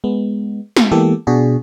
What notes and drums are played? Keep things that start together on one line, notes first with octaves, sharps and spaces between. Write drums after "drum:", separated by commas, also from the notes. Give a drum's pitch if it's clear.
G#3 B3
drum: snare
E3 G#3 A#3 B3 G4 A4
B2 D4 F#4 G#4